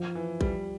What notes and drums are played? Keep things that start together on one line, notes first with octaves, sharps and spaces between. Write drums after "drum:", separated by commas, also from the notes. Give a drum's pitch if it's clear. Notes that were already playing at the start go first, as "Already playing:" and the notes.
Already playing: F3
E3
G3, drum: kick A#1